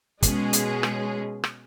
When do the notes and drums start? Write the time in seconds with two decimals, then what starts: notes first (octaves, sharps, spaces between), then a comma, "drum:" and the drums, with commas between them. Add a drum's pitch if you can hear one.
0.22 B2 G#3 C#4 G#4, drum: kick, hi-hat
0.53 drum: hi-hat
0.83 drum: rim click
1.44 drum: rim click